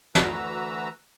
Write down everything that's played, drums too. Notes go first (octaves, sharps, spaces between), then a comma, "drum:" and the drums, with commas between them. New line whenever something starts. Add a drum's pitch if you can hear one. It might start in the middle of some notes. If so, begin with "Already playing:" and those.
D2 E3 F#4 B4 A#5 E6, drum: snare